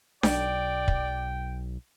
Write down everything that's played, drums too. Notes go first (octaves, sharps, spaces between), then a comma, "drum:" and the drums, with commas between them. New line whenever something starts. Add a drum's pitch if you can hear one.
B1 D5 G5, drum: snare D4
drum: kick